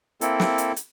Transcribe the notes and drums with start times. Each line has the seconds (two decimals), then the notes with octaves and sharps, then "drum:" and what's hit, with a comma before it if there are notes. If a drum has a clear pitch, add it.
0.21 A#3 C4 E4 A4, drum: hi-hat
0.40 drum: snare
0.58 drum: hi-hat
0.76 drum: hi-hat